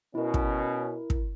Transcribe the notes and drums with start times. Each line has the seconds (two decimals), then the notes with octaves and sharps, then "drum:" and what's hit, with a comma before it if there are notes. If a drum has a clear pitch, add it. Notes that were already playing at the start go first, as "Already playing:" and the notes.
0.15 B2 C#4 E4 A#4
0.34 drum: kick
1.10 drum: kick